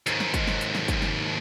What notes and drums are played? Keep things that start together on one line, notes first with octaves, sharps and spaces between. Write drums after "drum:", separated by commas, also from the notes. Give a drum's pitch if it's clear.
D#2 G#2, drum: hi-hat
drum: snare
drum: kick, hi-hat
drum: snare
drum: hi-hat
drum: snare
drum: kick, hi-hat
drum: snare